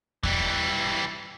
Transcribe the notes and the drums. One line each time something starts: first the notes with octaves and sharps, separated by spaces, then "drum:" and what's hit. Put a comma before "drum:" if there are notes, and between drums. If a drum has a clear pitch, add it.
E3 G3, drum: kick E2